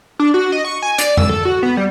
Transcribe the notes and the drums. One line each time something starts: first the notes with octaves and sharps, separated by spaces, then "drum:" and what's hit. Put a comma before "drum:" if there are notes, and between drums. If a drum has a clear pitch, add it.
D4
F#4
D#5
C#6
G#5
D5, drum: hi-hat
E6, drum: tom F2
A4
F#4
B3
G3